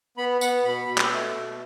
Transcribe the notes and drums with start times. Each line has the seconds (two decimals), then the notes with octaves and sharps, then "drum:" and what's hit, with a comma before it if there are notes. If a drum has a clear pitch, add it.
0.17 B3 B5
0.41 B3 F#5, drum: tambourine
0.64 B2 B5
0.88 B2
0.98 drum: clap
1.12 A3
1.35 B2